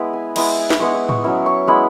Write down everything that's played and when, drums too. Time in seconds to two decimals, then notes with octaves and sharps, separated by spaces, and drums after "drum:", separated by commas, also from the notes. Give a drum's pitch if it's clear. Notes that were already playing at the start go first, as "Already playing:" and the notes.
Already playing: G#3 B3 E4 B4
0.13 G#5
0.36 G#3 B3 E4 B5, drum: cymbal
0.58 G#5
0.70 drum: snare
0.80 G#3 B3 E4 C#6
0.94 E6
1.09 C#6, drum: tom A2
1.24 F#3 C#4 E4 E6
1.46 C#6
1.67 G#3 B3 E4 B5